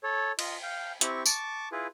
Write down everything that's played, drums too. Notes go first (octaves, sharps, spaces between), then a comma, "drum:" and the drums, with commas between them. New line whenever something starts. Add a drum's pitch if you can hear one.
A4 C#5
F4 D#5, drum: cymbal
F5 G5
C4 E4 G4 C#6, drum: hi-hat
A5 C#6 D6, drum: tambourine
E4 F4 G#4 B4